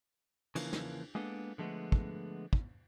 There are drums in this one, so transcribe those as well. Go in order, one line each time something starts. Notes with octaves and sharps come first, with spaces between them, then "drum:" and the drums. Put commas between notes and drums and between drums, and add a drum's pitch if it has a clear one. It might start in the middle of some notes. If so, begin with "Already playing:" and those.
C#3 E3 F3 A#3, drum: cymbal
drum: snare
G#3 A#3 B3 D4 G4 A4
D3 F3 G#3 A3 B3
drum: kick
drum: kick